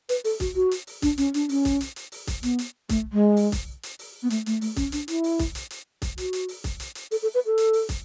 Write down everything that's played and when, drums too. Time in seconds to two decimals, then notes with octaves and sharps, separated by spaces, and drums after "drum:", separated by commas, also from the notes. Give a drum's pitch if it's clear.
0.09 B4, drum: hi-hat
0.24 A4, drum: open hi-hat
0.40 F#4, drum: kick, hi-hat
0.55 F#4
0.71 drum: hi-hat
0.87 drum: open hi-hat
1.02 D4, drum: kick, hi-hat
1.18 C#4, drum: hi-hat
1.34 D4, drum: hi-hat
1.49 C#4, drum: open hi-hat
1.65 drum: kick, hi-hat
1.81 drum: hi-hat
1.96 drum: hi-hat
2.12 drum: open hi-hat
2.27 drum: kick, hi-hat
2.43 B3, drum: hi-hat
2.59 drum: hi-hat
2.89 A3, drum: kick, hi-hat
3.13 G#3
3.37 drum: open hi-hat
3.52 drum: kick, hi-hat
3.83 drum: hi-hat
3.99 drum: open hi-hat
4.23 B3
4.30 A3, drum: hi-hat
4.46 A3, drum: hi-hat
4.61 A3, drum: open hi-hat
4.76 C#4, drum: kick, hi-hat
4.92 D4, drum: hi-hat
5.08 E4, drum: hi-hat
5.24 drum: open hi-hat
5.39 drum: kick, hi-hat
5.55 drum: hi-hat
5.70 drum: hi-hat
6.02 drum: kick, hi-hat
6.18 F#4, drum: hi-hat
6.33 drum: hi-hat
6.48 drum: open hi-hat
6.64 drum: kick, hi-hat
6.80 drum: hi-hat
6.95 drum: hi-hat
7.11 A4, drum: open hi-hat
7.22 A4
7.35 B4
7.46 A4
7.58 drum: hi-hat
7.73 drum: open hi-hat
7.89 drum: kick, hi-hat